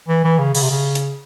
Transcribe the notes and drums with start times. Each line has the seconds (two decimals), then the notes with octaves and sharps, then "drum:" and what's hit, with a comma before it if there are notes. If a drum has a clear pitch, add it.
0.09 E3
0.24 E3
0.39 C#3
0.55 C#3, drum: open hi-hat
0.62 C3
0.71 C#3
0.95 drum: hi-hat